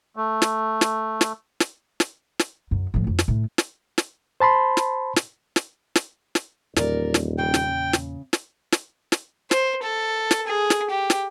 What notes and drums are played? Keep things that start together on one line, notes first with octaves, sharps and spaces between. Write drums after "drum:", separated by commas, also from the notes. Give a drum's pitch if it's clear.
A3
drum: snare
drum: snare
drum: snare
drum: snare
drum: snare
drum: snare
F#2
A2 F3
F2
drum: snare
A2
drum: snare
drum: snare
C5 A5 B5 C6
drum: snare
drum: snare
drum: snare
drum: snare
drum: snare
D#1 E2 A#2 A#4 D5, drum: snare
drum: snare
C#3 G5
drum: snare
drum: snare
drum: snare
drum: snare
drum: snare
C5, drum: snare
A4
drum: snare
G#4
drum: snare
G4
drum: snare